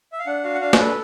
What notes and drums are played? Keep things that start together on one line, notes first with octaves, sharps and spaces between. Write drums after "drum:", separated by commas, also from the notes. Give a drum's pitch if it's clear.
E5
F5
D4 F#5
F#4 F5
F#5
D4 F5
C5, drum: snare
A4 B4